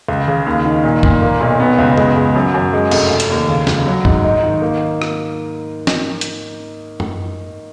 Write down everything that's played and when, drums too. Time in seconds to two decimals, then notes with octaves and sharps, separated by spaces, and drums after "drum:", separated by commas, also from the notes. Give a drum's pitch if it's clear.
0.09 C#2
0.28 C#3
0.46 D#2
0.65 D#3
0.84 A#2
1.03 A#2, drum: kick B1
1.22 A#3
1.41 B1
1.60 B3
1.78 C#2
1.97 G#3, drum: tom F#2
2.16 G#3
2.35 F#2
2.54 F#2
2.73 G#3
2.91 F1, drum: cymbal
3.11 F1
3.20 drum: hi-hat
3.30 D#2
3.49 C#3
3.67 C#2, drum: snare
3.86 F#3
4.05 G#2, drum: kick B1
4.24 D#4
4.43 D#3
4.62 A#3
5.02 drum: rim click
5.87 drum: snare
6.21 drum: hi-hat
7.00 drum: tom F#2